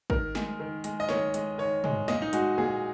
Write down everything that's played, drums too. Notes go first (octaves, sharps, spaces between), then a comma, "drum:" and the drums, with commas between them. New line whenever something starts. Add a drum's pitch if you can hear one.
D#3 A#4, drum: kick
G#3, drum: snare
D#3
G#3, drum: hi-hat
D#5
D#3 C#5, drum: snare
G#3, drum: hi-hat
D#3 C#5
G#3, drum: tom
A#2 D#5, drum: snare
D#4
G#3 F#4, drum: hi-hat
A#2 G#4